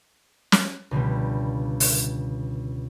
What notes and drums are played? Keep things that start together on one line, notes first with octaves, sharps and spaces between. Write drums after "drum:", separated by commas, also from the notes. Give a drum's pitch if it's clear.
drum: snare
C#2 B2 D3 G3
drum: open hi-hat